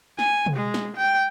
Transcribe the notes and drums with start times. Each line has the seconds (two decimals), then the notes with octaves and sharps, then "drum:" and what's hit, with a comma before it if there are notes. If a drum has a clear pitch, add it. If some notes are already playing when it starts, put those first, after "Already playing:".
0.19 G#5, drum: snare
0.46 drum: tom
0.56 G#3
0.74 drum: snare
0.97 G5